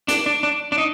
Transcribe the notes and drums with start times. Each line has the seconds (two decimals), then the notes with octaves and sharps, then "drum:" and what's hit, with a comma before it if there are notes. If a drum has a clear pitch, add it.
0.08 D4, drum: hi-hat
0.26 D4
0.43 D4
0.72 D4
0.78 D#4